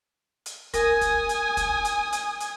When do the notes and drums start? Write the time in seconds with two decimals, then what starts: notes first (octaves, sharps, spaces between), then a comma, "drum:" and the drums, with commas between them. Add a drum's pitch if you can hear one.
0.46 drum: hi-hat
0.74 A#4 G#5 D#6, drum: kick, hi-hat
1.01 drum: kick, hi-hat
1.29 drum: hi-hat
1.57 drum: kick, hi-hat
1.85 drum: hi-hat
2.13 drum: hi-hat
2.40 drum: hi-hat